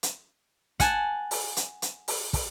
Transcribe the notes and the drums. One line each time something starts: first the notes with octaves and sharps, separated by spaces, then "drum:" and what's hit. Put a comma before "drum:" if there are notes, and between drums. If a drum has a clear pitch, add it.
drum: hi-hat
F#5 G#5 A5, drum: kick, hi-hat
drum: open hi-hat
drum: hi-hat
drum: hi-hat
drum: open hi-hat
drum: kick, open hi-hat